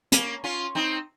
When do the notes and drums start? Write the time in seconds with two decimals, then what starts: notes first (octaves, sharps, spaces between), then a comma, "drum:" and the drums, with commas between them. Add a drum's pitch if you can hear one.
0.12 A#3 C#4, drum: hi-hat
0.44 C#4 F4
0.75 C4 D#4